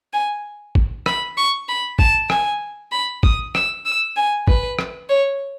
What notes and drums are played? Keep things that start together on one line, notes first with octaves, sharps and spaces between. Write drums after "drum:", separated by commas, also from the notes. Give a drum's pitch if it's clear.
G#5
drum: kick
B5, drum: rim click
C#6
B5
A5, drum: kick
G#5, drum: rim click
B5
D#6, drum: kick
E6, drum: rim click
E6
G#5
B4, drum: kick
drum: rim click
C#5